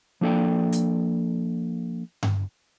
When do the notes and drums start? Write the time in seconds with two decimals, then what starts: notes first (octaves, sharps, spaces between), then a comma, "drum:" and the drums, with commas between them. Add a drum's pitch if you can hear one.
0.21 F3 A#3 D4 A4 D5 G5
0.72 drum: hi-hat
2.23 drum: tom G2